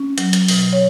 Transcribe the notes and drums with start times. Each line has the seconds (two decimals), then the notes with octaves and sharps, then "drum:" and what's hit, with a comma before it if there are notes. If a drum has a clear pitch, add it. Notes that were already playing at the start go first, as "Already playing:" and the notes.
Already playing: C#4
0.18 F#3, drum: hi-hat
0.33 drum: hi-hat
0.48 B2, drum: open hi-hat
0.73 C#5